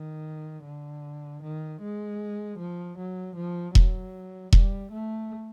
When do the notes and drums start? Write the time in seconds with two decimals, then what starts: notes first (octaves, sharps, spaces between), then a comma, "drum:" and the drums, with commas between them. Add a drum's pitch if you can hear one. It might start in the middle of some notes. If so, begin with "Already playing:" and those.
Already playing: D#3
0.65 D3
1.43 D#3
1.82 G#3
2.59 F3
2.98 F#3
3.36 F3
3.75 F#3, drum: kick E1
4.53 G3, drum: kick E1
4.92 A3